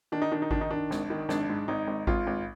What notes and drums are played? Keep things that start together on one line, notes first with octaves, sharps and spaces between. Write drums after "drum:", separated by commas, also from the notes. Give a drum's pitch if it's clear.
D#3 D4
D#4
D#3 D4
D#4
D#3 D4, drum: kick G#1
D#4
D#3 D4
G#1, drum: snare
D#3
G#1 D4, drum: snare
G#2
G#1 D#4
G#1
G#1 F4, drum: kick G#1
G#1